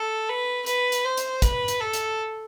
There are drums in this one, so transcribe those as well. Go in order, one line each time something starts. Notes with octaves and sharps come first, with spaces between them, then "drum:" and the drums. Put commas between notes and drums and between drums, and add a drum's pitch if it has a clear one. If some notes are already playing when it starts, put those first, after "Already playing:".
Already playing: A4
B4
B4, drum: hi-hat
drum: hi-hat
C5
drum: hi-hat
B4, drum: kick, hi-hat
drum: hi-hat
A4
drum: hi-hat